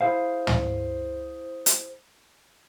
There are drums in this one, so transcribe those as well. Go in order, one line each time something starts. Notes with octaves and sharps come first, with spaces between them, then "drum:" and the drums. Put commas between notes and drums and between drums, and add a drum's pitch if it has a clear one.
E4 G#4 C5 F5
drum: tom
drum: hi-hat